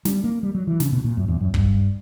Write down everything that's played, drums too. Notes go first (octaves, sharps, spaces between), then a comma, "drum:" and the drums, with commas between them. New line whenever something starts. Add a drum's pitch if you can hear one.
G3, drum: snare
A#3
G3
F#3
E3
C#3, drum: snare
B2
A#2
F#2
E2
F#2
G2, drum: kick